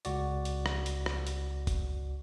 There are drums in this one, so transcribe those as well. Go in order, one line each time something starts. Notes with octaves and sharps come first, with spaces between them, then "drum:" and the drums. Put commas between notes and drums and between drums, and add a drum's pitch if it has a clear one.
C#2 F#4 D5, drum: hi-hat
drum: hi-hat
drum: rim click
drum: hi-hat
drum: rim click
drum: hi-hat
drum: kick F#1, hi-hat